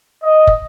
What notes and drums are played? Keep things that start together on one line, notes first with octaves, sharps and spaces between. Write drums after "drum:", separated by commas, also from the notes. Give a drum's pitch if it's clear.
D#5
drum: kick